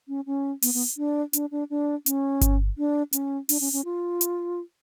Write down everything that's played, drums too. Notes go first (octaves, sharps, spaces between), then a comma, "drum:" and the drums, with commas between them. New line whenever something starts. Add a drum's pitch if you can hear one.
C#4
C#4
B3, drum: open hi-hat
B3
D4
D4, drum: hi-hat
D4
D4
C#4, drum: hi-hat
drum: kick G1, hi-hat
D4
C#4, drum: hi-hat
D4, drum: open hi-hat
C#4
C#4
F4
drum: hi-hat